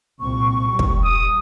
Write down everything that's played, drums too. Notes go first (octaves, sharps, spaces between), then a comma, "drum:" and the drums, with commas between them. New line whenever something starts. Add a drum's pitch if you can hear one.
C2 A#2 C4 C#6
G3
drum: kick
D#6